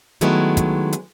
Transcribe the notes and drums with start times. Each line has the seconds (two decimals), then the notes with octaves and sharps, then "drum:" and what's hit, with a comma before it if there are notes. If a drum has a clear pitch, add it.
0.21 D#3 F#3 G#3 A3 B3 E4, drum: hi-hat
0.57 drum: kick, hi-hat
0.93 drum: hi-hat